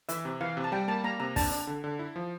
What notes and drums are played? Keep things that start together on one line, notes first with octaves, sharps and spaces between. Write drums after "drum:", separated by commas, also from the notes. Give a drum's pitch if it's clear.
E3 E5, drum: hi-hat
C3
E3 F5
C3
A5
G3 G5
A#3 A5
A#3 A#5
C3 A#5
D4 A5, drum: kick, open hi-hat
D4
D3
D3
E4
F3